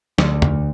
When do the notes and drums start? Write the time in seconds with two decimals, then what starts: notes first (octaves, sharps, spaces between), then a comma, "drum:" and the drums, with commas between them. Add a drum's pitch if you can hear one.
0.18 D2, drum: snare
0.42 drum: tom E2